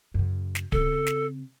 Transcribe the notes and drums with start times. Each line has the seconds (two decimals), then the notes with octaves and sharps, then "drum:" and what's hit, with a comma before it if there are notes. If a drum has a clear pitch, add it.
0.14 F#2 C#3
0.55 drum: snare
0.72 C#3 C4 A4, drum: kick D1
1.06 drum: snare